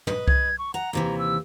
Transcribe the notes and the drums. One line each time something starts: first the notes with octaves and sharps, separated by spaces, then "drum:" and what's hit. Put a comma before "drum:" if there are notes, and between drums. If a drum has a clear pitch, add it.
B4 D#5, drum: tom
G#6, drum: kick C2
C#6
F#5 A#5
D#2 C3 E3 A#5
E6